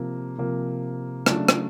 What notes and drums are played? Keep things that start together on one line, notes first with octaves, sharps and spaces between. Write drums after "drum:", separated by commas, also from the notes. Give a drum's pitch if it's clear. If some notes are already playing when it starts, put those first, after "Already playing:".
Already playing: C3 F3 A#3
C3 F3 A#3
C#3 F#3 A3 D4, drum: rim click
drum: rim click